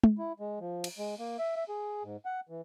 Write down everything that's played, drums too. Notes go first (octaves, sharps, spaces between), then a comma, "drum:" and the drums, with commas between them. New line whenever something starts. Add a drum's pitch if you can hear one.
drum: tom
E4
G#3
F3
drum: cymbal
G#3
A#3
E5
E5
G#4
G#2
F#5
E3